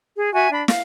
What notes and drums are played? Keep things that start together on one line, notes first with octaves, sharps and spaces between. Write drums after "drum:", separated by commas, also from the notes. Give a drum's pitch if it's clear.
G#4
F#4 E5 G#5
D4 B5
F5, drum: snare